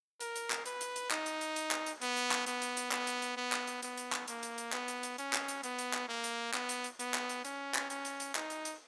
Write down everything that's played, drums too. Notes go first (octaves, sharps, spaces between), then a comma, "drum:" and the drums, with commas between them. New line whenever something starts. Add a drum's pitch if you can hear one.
A#4, drum: hi-hat
drum: hi-hat
drum: clap
B4, drum: hi-hat
drum: hi-hat
drum: hi-hat
D#4, drum: clap
drum: hi-hat
drum: hi-hat
drum: hi-hat
drum: clap
drum: hi-hat
B3, drum: hi-hat
drum: hi-hat
drum: clap
B3, drum: hi-hat
drum: hi-hat
drum: hi-hat
B3, drum: clap
drum: hi-hat
drum: hi-hat
B3
drum: clap
drum: hi-hat
B3, drum: hi-hat
drum: hi-hat
drum: clap
A#3, drum: hi-hat
drum: hi-hat
drum: hi-hat
B3, drum: clap
drum: hi-hat
drum: hi-hat
C#4, drum: hi-hat
drum: clap
drum: hi-hat
B3, drum: hi-hat
drum: hi-hat
drum: clap
A#3
drum: hi-hat
B3, drum: clap
drum: hi-hat
drum: hi-hat
B3, drum: hi-hat
drum: clap
drum: hi-hat
C#4, drum: hi-hat
drum: clap
C#4, drum: hi-hat
drum: hi-hat
drum: hi-hat
D#4, drum: clap
drum: hi-hat
drum: hi-hat